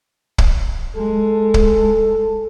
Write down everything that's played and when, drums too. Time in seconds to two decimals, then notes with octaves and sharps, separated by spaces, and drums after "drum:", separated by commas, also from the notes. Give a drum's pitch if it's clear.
0.38 drum: kick
0.96 G#3 A4
1.54 drum: kick